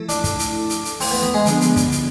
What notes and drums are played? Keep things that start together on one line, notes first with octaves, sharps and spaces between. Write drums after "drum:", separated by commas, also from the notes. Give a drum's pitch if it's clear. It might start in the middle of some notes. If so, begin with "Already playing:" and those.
Already playing: F3 A3 E4 A4
D4, drum: hi-hat
drum: kick, hi-hat
drum: hi-hat
drum: hi-hat
drum: hi-hat
C4, drum: open hi-hat
B3
B3
G#3
D3 F3 B3 D4 G#4, drum: hi-hat
drum: hi-hat
drum: kick, hi-hat
drum: hi-hat